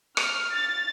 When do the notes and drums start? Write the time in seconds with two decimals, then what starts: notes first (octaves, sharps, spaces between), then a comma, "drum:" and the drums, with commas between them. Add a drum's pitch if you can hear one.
0.17 F6, drum: rim click
0.53 A6